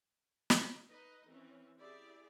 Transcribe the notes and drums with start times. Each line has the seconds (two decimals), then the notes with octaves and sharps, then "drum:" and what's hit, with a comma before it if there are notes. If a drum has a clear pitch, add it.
0.50 drum: snare
0.90 D#4 B4 D#5
1.28 E3 C4 C#4
1.78 E4 G4 G#4 D5